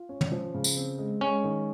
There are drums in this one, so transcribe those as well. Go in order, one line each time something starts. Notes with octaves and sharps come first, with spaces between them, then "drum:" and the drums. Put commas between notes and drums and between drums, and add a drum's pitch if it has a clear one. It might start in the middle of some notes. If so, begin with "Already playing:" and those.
Already playing: F4
C#4
drum: tom
F3
C#3
drum: tambourine
C4
G#3
G#3 C#4
D#3